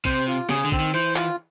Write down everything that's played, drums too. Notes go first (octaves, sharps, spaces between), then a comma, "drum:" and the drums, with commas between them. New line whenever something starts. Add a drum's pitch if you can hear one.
C3 C5, drum: kick
F4
C#3 G#4, drum: snare
D3
C4, drum: kick
D#3
E3 C5
F4, drum: clap